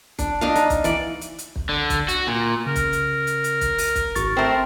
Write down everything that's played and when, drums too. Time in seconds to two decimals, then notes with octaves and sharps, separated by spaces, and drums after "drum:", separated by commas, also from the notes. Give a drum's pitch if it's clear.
0.19 D4, drum: kick, hi-hat
0.41 D4 D#5 F5
0.55 D#4, drum: hi-hat
0.70 drum: kick, hi-hat
0.84 E3 D5, drum: hi-hat
1.21 drum: hi-hat
1.38 drum: hi-hat
1.56 drum: kick
1.69 D3
1.90 drum: kick, hi-hat
2.08 F#4, drum: hi-hat
2.27 A#2
2.66 C#3 A#4
2.76 drum: kick, hi-hat
2.93 drum: hi-hat
3.27 drum: hi-hat
3.44 drum: hi-hat
3.61 drum: kick, hi-hat
3.78 drum: open hi-hat
3.95 drum: kick, hi-hat
4.15 G#1 C#6 A6, drum: hi-hat
4.37 A3 C4 A#4